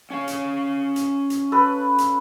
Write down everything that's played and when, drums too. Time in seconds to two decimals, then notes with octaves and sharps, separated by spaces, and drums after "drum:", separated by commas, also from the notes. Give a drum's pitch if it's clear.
0.10 C#4 C#5 F5
0.28 drum: hi-hat
0.96 drum: hi-hat
1.30 drum: hi-hat
1.52 A4 B4
1.98 drum: hi-hat